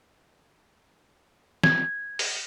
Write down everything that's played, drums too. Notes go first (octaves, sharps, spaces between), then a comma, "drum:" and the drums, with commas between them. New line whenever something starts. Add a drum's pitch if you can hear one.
G#6, drum: snare
drum: open hi-hat